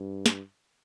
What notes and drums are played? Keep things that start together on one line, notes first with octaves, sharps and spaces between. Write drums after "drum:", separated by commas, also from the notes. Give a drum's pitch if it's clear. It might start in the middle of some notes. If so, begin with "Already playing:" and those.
Already playing: G2
drum: snare